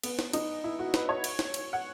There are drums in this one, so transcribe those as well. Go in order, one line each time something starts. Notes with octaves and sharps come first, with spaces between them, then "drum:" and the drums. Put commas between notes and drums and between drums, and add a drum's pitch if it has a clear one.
B3, drum: cymbal
drum: snare
D#4, drum: cymbal
E4
F#4
B4, drum: snare
C#5
drum: cymbal
drum: snare
drum: cymbal
F#5